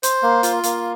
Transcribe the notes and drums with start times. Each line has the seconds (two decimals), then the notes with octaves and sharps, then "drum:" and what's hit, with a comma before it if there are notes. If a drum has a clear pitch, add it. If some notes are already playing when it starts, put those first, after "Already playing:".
0.03 C5, drum: hi-hat
0.23 A#3
0.43 F4, drum: hi-hat
0.64 A#3, drum: hi-hat